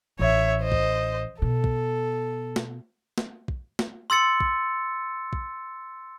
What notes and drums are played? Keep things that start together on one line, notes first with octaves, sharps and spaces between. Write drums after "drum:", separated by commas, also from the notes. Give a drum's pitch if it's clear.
A1 C#5 E5
C5 D#5
drum: kick
B2 A4
drum: kick
drum: snare
drum: snare
drum: kick
drum: snare
C6 E6 A6 C#7
drum: kick
drum: kick